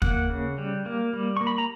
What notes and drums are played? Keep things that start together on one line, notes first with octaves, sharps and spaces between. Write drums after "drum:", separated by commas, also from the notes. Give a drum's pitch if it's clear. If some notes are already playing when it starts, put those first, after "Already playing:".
A#3 F#5, drum: kick
C#3
G3
A#3
G3
A#3 C#6
B5
A#5